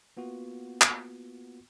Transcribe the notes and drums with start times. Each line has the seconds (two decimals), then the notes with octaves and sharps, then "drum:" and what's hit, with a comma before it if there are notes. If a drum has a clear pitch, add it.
0.17 A#3 B3 F4 F#4
0.81 drum: clap